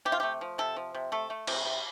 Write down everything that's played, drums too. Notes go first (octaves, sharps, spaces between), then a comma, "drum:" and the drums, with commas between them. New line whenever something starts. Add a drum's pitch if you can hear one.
C3 G4
F4
A3 G4
F3
C3 A4
F3
C3
A3 A4
A3
C3, drum: cymbal
C3